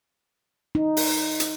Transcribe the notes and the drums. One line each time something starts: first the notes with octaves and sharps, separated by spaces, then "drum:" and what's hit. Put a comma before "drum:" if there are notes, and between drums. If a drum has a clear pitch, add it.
D#4
drum: open hi-hat
drum: hi-hat